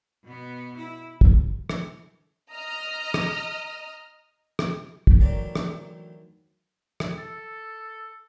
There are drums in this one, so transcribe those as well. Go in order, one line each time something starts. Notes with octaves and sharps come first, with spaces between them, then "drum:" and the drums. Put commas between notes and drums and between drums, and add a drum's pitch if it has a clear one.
B2 B3
E4
drum: kick
drum: rim click
D#5 A#5 D#6 F6
drum: rim click
drum: rim click
drum: kick
D2 D#3 E3 F#3 D5 A#5
drum: rim click
drum: rim click
A4